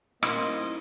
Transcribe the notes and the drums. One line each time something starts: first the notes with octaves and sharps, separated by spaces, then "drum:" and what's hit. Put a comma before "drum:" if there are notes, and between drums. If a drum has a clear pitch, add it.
D#1 A#3 E4 C5 D#5, drum: rim click